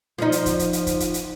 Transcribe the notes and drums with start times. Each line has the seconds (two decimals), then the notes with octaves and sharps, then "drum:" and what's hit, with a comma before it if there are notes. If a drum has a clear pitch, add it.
0.18 F3 D#4, drum: rim click
0.32 drum: hi-hat
0.46 drum: kick, hi-hat
0.59 drum: hi-hat
0.73 drum: hi-hat
0.87 drum: kick, hi-hat
1.00 drum: hi-hat
1.14 drum: hi-hat